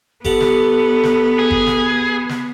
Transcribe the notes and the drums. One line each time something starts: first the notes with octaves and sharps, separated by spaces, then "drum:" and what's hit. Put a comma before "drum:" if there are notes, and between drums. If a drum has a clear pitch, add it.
B3 G4 A4 D5 F#5, drum: kick G1
drum: snare
drum: snare
G#4
drum: kick G1
drum: snare
drum: snare